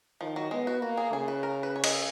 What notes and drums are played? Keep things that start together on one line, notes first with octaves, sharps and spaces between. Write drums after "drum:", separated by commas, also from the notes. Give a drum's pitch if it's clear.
D#3 F3
F#3
G#3 B3
F#4
A#3 F#4
G#4
C#3 G#4
B4
A#4
B4
C#5
D#5, drum: cymbal